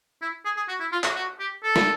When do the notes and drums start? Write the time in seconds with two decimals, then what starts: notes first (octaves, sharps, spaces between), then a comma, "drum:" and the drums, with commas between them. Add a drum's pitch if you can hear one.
0.22 E4
0.45 G#4
0.57 G#4
0.68 F#4
0.80 E4
0.92 F4
1.04 F#4, drum: clap
1.15 F#4
1.39 G4
1.63 A4
1.76 drum: snare